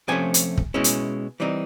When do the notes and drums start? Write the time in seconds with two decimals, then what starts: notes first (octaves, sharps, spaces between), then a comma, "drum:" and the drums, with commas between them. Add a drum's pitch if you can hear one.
0.08 C3 F3 A3 C#4 G#5
0.34 drum: hi-hat
0.57 drum: kick
0.74 B2 G#3 C#4 E4
0.84 drum: hi-hat
1.40 E3 G3 C4 D#4